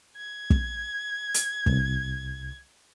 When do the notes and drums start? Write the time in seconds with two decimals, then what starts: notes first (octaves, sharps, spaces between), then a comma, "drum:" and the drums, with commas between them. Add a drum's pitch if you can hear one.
0.17 G#6
0.50 drum: kick
1.34 drum: hi-hat
1.66 C2, drum: kick